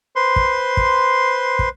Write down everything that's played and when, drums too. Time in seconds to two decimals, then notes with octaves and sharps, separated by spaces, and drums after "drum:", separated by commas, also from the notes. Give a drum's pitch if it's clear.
0.16 B4 C5 C6
0.36 drum: kick
0.77 drum: kick
1.59 drum: kick